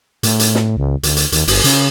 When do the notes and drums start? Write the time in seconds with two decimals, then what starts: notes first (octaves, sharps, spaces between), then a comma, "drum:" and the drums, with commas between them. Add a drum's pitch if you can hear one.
0.23 A2, drum: hi-hat
0.39 drum: hi-hat
0.55 drum: snare
0.77 C#2
1.03 D2, drum: hi-hat
1.17 drum: hi-hat
1.32 D#2, drum: hi-hat
1.47 G1, drum: open hi-hat
1.64 C#3, drum: hi-hat